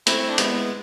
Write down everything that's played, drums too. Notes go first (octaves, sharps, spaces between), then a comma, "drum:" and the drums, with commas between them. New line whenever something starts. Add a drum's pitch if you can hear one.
A3 C4 E4, drum: hi-hat
D4
G#3 B3 E4, drum: hi-hat